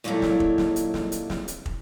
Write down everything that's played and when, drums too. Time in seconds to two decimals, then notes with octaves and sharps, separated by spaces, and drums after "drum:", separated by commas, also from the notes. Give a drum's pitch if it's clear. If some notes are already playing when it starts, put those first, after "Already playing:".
0.04 D#2 A#2 F#3 G3 E4 A4
0.22 drum: snare
0.40 drum: kick
0.58 drum: snare
0.76 drum: hi-hat
0.94 drum: snare
1.12 drum: hi-hat
1.30 drum: snare
1.48 drum: hi-hat
1.66 drum: kick